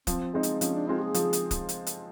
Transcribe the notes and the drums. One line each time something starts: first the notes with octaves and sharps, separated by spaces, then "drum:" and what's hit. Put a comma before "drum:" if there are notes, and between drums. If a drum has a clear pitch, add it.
F3 C4, drum: kick, hi-hat
G#3 C4 D#4
drum: hi-hat
F3 C#4, drum: hi-hat
D4
G#3 C4 D#4 F4
G#4
F3, drum: hi-hat
drum: hi-hat
drum: kick, hi-hat
drum: hi-hat
drum: hi-hat